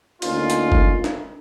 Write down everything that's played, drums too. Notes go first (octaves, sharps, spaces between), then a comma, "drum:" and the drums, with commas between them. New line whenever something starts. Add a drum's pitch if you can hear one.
D2 A#3 C#4 D#4 F4, drum: cymbal
drum: hi-hat
drum: kick
drum: snare